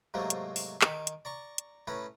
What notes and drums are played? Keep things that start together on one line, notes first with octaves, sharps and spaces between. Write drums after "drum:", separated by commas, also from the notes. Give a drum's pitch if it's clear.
G#2 C3 F#3 A3 A#3
drum: hi-hat
drum: open hi-hat
D#3 G#5 D6, drum: clap
drum: hi-hat
D5 A#5 C#6
drum: hi-hat
A2 C#4 B4 A#5